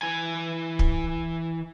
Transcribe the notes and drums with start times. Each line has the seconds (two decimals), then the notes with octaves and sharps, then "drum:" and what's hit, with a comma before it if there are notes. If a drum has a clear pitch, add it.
0.02 E3 G#5
0.79 drum: kick